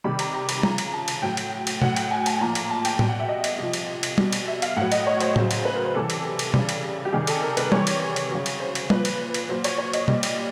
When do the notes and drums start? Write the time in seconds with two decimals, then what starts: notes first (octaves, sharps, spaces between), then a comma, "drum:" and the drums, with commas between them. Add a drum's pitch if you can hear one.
0.04 C3 D#3 G3 B5
0.19 A#5, drum: cymbal
0.34 A#5
0.49 B5, drum: cymbal
0.63 C#3 F3 A#5, drum: tom G3
0.78 drum: cymbal
0.93 A5
1.08 drum: cymbal
1.22 A2 F#3 G5
1.37 drum: cymbal
1.67 drum: cymbal
1.82 A2 F#3 F#5, drum: tom
1.96 G5, drum: cymbal
2.11 G#5
2.26 A5, drum: cymbal
2.41 A#2 F3 A#5
2.55 drum: cymbal
2.70 A5
2.85 G5, drum: cymbal
2.99 B2 G3 G5, drum: tom A2
3.09 F#5
3.20 E5
3.29 D#5
3.44 drum: cymbal
3.59 C3 F3
3.73 drum: cymbal
4.03 drum: cymbal
4.18 B2 G3, drum: tom G3
4.33 drum: cymbal
4.48 E5
4.62 F5, drum: cymbal
4.77 A2 F#3 F#5
4.92 D#5, drum: cymbal
5.07 C#5
5.20 C5, drum: cymbal
5.36 C#3 F#3, drum: tom A2
5.51 drum: cymbal
5.65 B4
5.76 A#4
5.85 C5
5.95 C3 E3 G3 A4
6.10 drum: cymbal
6.39 drum: cymbal
6.54 C#3 E3 G3, drum: tom
6.69 drum: cymbal
7.05 G4
7.13 C3 D#3 G3 G#4
7.27 A4, drum: cymbal
7.42 A#4
7.57 B4, drum: cymbal
7.72 C3 E3 G3 C#5, drum: tom G3
7.87 drum: cymbal
8.16 drum: cymbal
8.31 C#3 F#3
8.46 drum: cymbal
8.60 C5
8.75 drum: cymbal
8.90 A#2 F3 B4, drum: tom G3
9.05 drum: cymbal
9.34 drum: cymbal
9.49 A#2 F#3 C5
9.64 C#5, drum: cymbal
9.78 C#5
9.93 D#5, drum: cymbal
10.08 A#2 G3, drum: tom
10.23 drum: cymbal